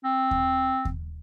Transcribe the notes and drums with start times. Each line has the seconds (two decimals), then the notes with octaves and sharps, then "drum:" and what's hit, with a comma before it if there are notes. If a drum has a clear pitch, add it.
0.04 C4
0.31 drum: kick D#2
0.85 drum: kick D#2